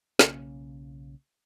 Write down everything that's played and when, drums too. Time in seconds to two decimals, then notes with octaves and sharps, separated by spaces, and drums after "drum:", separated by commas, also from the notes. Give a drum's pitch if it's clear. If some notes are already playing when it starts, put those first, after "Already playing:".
0.19 B1 C#3 A#3 C#4, drum: snare